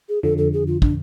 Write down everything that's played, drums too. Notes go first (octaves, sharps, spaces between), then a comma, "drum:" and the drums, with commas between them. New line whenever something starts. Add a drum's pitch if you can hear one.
G#4
F2 D3 F3 A4
A4
G#4
F4
D4, drum: kick